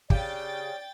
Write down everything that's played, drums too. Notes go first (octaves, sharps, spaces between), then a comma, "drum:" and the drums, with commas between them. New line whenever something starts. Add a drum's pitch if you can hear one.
C#3 G4 D5 G5 A6, drum: kick